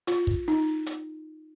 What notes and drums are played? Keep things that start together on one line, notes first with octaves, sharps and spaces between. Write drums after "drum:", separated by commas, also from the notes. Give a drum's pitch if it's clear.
F4, drum: hi-hat
drum: kick
D#4
drum: hi-hat